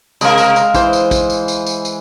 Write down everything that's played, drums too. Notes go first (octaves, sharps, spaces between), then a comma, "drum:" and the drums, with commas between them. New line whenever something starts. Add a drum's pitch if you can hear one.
C3 G#3 A#4 F5, drum: tambourine
drum: tambourine
drum: tambourine
E3 C5, drum: kick, tambourine
drum: tambourine
drum: kick, tambourine
drum: tambourine
drum: tambourine
drum: tambourine
drum: tambourine